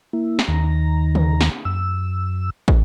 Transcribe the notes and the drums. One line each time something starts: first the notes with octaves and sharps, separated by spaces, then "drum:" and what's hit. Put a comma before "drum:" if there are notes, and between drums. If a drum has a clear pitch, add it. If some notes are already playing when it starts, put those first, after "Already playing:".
A#3 E4
drum: snare
D#2 D#3 A#5
drum: tom
drum: snare
F#2 E6
drum: kick